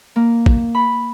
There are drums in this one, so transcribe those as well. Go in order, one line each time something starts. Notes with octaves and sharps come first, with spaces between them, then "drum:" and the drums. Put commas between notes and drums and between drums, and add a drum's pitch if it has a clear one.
A#3
drum: kick
B5